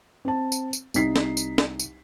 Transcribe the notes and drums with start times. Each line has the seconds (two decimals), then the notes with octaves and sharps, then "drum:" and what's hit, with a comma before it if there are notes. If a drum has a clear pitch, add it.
0.25 C4 A5
0.52 drum: tambourine
0.73 drum: tambourine
0.94 C2 D#4 B6 C7, drum: tambourine
1.16 drum: snare
1.37 drum: tambourine
1.58 drum: snare
1.79 drum: tambourine